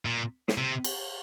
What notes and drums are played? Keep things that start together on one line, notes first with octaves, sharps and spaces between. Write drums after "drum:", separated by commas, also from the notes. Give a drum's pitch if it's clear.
A#2
drum: snare
C3
drum: cymbal